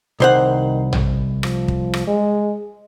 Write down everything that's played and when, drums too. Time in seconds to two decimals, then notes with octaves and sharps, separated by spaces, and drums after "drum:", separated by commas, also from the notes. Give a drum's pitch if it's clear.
0.20 C2 D#3 C5 F#5
0.93 drum: tom A#1
1.43 F3, drum: rim click
1.68 drum: kick
1.93 drum: rim click
2.07 G#3